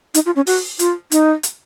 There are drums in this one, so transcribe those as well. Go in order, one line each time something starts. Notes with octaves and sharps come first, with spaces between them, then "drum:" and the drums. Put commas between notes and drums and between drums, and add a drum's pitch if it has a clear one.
D#4, drum: hi-hat
F4
C#4
F#4, drum: open hi-hat
F4, drum: hi-hat
D#4, drum: hi-hat
drum: hi-hat